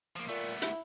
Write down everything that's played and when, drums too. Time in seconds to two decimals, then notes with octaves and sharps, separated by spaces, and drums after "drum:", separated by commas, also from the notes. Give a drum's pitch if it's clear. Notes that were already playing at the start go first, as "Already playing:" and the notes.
0.16 F3 A#3
0.29 A#2 A3 B3
0.62 E4, drum: hi-hat